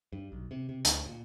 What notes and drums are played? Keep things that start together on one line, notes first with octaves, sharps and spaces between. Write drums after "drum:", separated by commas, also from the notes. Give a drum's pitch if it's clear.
G2
B1
C3
C3
D2, drum: hi-hat
A#2